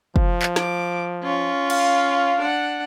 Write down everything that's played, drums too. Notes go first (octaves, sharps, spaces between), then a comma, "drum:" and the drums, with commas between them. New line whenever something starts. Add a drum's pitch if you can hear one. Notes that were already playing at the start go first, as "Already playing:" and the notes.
F3, drum: kick
drum: clap
D6, drum: snare
C#4 F4
F5, drum: cymbal
D4 F#5